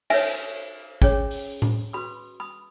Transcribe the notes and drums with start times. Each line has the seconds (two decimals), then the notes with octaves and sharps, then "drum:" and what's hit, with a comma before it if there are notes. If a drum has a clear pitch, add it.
0.10 D#4 A#4 C#5 E5 G#5, drum: cymbal
1.02 C#4 G#4 C#5, drum: kick
1.31 drum: open hi-hat
1.62 drum: tom A2
1.93 F#4 B4 B5 D#6
2.40 B5 D#6